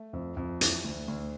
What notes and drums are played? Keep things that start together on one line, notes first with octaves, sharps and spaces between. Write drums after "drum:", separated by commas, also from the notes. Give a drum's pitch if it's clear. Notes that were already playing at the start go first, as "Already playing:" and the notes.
Already playing: A3
F2
F2
E3, drum: hi-hat
D2
D2